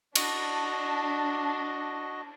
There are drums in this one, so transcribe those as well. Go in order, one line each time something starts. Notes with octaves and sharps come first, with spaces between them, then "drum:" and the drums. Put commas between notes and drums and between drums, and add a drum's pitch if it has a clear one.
D4 F#4 D#5, drum: cymbal